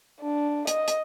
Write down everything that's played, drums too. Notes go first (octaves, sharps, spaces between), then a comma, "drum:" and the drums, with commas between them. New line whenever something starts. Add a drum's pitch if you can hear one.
D4
D#5, drum: hi-hat
drum: hi-hat